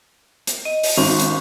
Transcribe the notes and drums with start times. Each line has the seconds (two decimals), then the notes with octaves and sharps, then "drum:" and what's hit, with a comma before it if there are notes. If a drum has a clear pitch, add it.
0.47 drum: hi-hat
0.65 D#5
0.83 drum: open hi-hat
0.97 G#1 C#4
1.20 drum: hi-hat